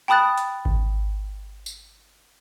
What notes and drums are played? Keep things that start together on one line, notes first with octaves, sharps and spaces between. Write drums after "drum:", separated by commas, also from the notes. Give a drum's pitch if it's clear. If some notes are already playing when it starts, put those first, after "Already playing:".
G5 A5 B5 D#6 F#6 A6
drum: hi-hat
drum: kick G#1
drum: tambourine